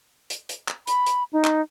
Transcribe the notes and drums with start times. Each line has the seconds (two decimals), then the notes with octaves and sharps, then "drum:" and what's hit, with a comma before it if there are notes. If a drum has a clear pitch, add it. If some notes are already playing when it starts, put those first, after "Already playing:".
0.30 drum: hi-hat
0.49 drum: hi-hat
0.68 drum: clap
0.87 B5, drum: hi-hat
1.06 drum: hi-hat
1.33 D#4
1.45 drum: clap